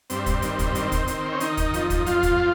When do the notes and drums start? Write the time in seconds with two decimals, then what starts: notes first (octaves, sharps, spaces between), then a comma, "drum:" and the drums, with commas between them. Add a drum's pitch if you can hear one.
0.10 G2 C4, drum: hi-hat
0.26 drum: kick, hi-hat
0.42 D#3, drum: hi-hat
0.59 drum: kick, hi-hat
0.75 D#3, drum: hi-hat
0.92 drum: kick, hi-hat
1.08 D#3, drum: hi-hat
1.32 C#4
1.40 D#3 D#4, drum: hi-hat
1.57 drum: kick, hi-hat
1.74 F2, drum: hi-hat
1.90 drum: kick, hi-hat
2.06 F2 F4, drum: hi-hat
2.23 drum: kick, hi-hat